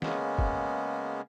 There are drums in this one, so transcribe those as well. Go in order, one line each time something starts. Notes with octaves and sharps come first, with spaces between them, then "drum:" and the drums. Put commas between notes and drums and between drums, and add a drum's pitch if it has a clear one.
C#3 G#3 A#3 B3 C#4, drum: snare
drum: kick